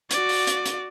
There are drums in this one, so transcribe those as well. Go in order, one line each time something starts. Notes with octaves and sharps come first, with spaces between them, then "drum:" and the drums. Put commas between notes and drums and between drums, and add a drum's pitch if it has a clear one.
F#4 D5, drum: hi-hat
drum: open hi-hat
drum: hi-hat
drum: hi-hat